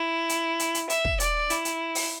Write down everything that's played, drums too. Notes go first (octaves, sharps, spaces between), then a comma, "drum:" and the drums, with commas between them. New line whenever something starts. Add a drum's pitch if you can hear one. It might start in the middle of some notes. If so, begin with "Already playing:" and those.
Already playing: E4
drum: hi-hat
drum: hi-hat
drum: hi-hat
E5, drum: hi-hat
drum: kick
D5, drum: hi-hat
E4, drum: hi-hat
drum: hi-hat
drum: open hi-hat